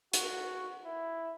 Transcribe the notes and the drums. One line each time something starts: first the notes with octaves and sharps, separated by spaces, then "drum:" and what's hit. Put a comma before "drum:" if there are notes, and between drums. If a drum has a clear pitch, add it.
F#4, drum: hi-hat
E4